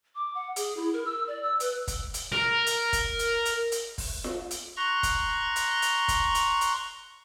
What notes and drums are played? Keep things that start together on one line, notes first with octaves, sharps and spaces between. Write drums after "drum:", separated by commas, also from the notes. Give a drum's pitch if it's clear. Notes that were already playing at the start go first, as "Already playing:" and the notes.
D6
F#5
G#4, drum: hi-hat
E4
A#4
E6
D5
E6
B4, drum: hi-hat
drum: kick, hi-hat
drum: hi-hat
A#4
drum: hi-hat
drum: kick, hi-hat
drum: hi-hat
drum: hi-hat
drum: hi-hat
drum: kick, open hi-hat
drum: snare F4
drum: hi-hat
A#5 C6 C#6 F#6 A#6
drum: kick, hi-hat
drum: hi-hat
drum: hi-hat
drum: kick, hi-hat
drum: hi-hat
drum: hi-hat